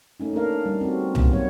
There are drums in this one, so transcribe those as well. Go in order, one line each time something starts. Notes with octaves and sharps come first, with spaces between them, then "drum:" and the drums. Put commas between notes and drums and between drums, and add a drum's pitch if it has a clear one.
A3 C#4 D#4
A#3 C#4 D4 A#4 F5
G3
C4 F#4
A#3 B3, drum: tom C2
F#3 B3 C4 C#5